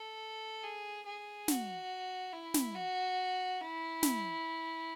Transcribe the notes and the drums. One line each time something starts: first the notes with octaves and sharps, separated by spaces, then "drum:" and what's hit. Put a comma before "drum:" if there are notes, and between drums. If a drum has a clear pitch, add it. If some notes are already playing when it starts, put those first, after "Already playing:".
Already playing: A4
G#4
G#4
F#4, drum: snare
E4
drum: snare
F#4
E4
drum: snare